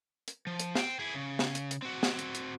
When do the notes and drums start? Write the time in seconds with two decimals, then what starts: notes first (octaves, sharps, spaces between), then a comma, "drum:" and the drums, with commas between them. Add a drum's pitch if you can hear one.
0.28 drum: hi-hat
0.47 F3
0.60 drum: hi-hat
0.75 C5 G5, drum: snare
0.99 E4 G#4
1.14 C#3
1.39 drum: snare
1.55 drum: hi-hat
1.71 drum: hi-hat
1.82 C4 F#4
2.03 drum: snare
2.19 drum: hi-hat
2.35 drum: hi-hat